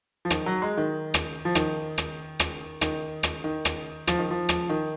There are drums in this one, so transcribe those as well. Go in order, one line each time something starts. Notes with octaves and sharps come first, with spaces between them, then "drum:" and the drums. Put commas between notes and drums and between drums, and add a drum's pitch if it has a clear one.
F3
D#3, drum: rim click
F#3
G#3
D#3
drum: rim click
F3
D#3, drum: rim click
drum: rim click
drum: rim click
D#3, drum: rim click
drum: rim click
D#3
drum: rim click
F3, drum: rim click
D#3
F3
drum: rim click
D#3